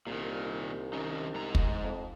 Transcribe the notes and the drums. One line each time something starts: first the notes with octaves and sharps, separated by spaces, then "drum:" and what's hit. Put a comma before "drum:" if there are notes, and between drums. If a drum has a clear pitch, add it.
C2 A#2 D#3
D#3 C#4 D#4
G#2 A#5
drum: kick
F2